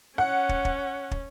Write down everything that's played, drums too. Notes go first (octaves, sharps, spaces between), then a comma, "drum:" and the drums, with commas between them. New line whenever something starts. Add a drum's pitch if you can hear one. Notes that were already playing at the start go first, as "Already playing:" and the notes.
C#4 F#5
drum: kick
drum: kick
drum: kick